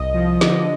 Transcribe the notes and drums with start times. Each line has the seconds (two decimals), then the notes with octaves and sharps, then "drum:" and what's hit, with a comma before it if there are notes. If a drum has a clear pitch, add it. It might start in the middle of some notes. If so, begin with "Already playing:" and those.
Already playing: C2 D#5
0.14 F3
0.41 D3, drum: snare